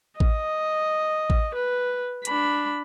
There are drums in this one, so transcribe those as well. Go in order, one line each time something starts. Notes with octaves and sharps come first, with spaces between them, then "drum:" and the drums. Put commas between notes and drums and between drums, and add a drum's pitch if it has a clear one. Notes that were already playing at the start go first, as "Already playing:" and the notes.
D#5, drum: kick A1
drum: kick A1
B4
D4 B5, drum: hi-hat